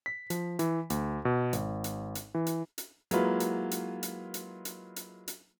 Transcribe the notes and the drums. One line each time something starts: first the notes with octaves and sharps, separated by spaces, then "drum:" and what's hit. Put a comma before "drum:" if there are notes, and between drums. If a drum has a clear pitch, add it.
B6
F3, drum: hi-hat
E3, drum: hi-hat
D2, drum: hi-hat
B2
G#1, drum: hi-hat
drum: hi-hat
drum: hi-hat
E3
drum: hi-hat
drum: hi-hat
F#3 G#3 A#3 E4 F4 B4, drum: hi-hat
drum: hi-hat
drum: hi-hat
drum: hi-hat
drum: hi-hat
drum: hi-hat
drum: hi-hat
drum: hi-hat